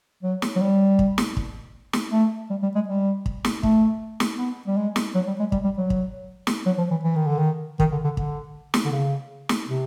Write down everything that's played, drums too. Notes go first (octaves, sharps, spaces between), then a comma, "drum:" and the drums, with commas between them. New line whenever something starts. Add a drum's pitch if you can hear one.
F#3
drum: snare
F#3
G3
drum: kick
drum: snare
drum: kick
drum: snare
A3
G3
G3
G#3
G3
drum: kick
drum: snare
A3, drum: kick
drum: snare
B3
G3
G#3
drum: snare
F#3
G3
G#3
G3, drum: kick
G3
F#3
drum: kick
drum: snare
F#3
F3
E3
E3
D#3
D3
D#3
D#3, drum: kick
D3
D3
D3, drum: kick
drum: snare
D3
C#3
drum: snare
C3